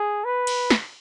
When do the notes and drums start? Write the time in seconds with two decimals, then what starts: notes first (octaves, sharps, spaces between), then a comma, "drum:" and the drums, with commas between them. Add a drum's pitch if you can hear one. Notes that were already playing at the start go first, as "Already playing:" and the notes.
Already playing: G#4
0.24 B4
0.47 drum: cymbal
0.70 drum: snare